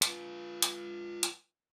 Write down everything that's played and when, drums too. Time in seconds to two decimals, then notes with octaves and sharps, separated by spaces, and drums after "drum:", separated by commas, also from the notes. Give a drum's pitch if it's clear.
0.02 F4 B4, drum: hi-hat
0.62 drum: hi-hat
1.23 drum: hi-hat